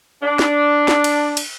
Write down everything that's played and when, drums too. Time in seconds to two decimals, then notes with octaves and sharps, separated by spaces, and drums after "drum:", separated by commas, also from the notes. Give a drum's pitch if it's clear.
0.23 D4
0.39 drum: snare
0.88 drum: snare
1.04 drum: cymbal
1.37 drum: cymbal